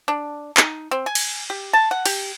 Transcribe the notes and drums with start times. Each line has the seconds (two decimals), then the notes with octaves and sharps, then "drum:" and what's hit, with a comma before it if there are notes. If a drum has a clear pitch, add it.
0.08 D4
0.57 D#4, drum: clap
0.91 C4
1.06 G#5
1.15 drum: cymbal
1.50 G4
1.73 A5
1.91 F#5
2.06 G4, drum: cymbal